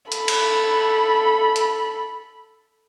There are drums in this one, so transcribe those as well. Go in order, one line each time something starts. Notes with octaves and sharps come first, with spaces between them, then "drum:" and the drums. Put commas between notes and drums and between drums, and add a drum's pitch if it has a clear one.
A4 B5, drum: hi-hat
drum: cymbal
drum: hi-hat